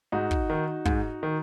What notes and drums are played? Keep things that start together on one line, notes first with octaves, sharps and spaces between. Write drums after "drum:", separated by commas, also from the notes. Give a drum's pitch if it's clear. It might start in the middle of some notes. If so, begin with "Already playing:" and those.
G#2 D#4 F#4
drum: kick
D#3
G#2, drum: kick
D#3